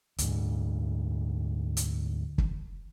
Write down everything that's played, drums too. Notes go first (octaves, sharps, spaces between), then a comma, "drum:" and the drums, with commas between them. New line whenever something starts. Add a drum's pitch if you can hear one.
D2 G#2, drum: hi-hat
drum: hi-hat
drum: kick